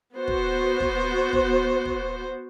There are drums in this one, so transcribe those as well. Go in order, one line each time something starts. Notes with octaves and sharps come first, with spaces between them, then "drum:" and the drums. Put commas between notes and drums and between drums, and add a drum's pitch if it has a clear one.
B3 F#4 C5
drum: kick
drum: kick
drum: kick
drum: kick